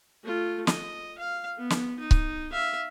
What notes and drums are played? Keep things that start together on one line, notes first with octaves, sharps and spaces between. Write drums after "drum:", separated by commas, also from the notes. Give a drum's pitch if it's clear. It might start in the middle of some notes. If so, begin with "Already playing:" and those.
A3 F4
D#5, drum: snare
F5
B3
drum: snare
D#4
drum: kick C#1
E5 F5